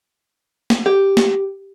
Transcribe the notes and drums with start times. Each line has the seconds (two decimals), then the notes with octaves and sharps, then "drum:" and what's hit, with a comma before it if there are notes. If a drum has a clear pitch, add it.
0.70 drum: snare
0.86 G4
1.17 drum: snare